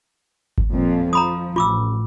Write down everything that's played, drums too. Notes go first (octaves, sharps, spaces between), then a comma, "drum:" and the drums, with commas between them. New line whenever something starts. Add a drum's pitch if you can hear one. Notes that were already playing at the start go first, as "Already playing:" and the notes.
drum: kick G#1
F2 A#2
F3 A#5 B5 D#6
A1 F4 D6 E6